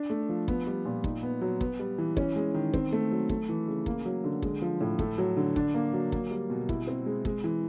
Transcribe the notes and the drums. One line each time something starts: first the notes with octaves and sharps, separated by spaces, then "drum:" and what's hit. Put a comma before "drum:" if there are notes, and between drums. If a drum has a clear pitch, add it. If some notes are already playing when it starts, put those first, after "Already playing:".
Already playing: D4
A3
F3
B3, drum: kick
G3
A#2
D#4, drum: kick
B3
F#3
B3, drum: kick
G3
E3
C#4, drum: kick
G#3
D#3
C4, drum: kick
A3
F#3
A3, drum: kick
E3
C#3
A#3, drum: kick
F#3
D3
G#3, drum: kick
F3
A2
A3, drum: kick
F#3
D3
D4, drum: kick
A#3
F#3
A#3, drum: kick
G3
B2
E4, drum: kick
C4
G#3
G#3, drum: kick
E3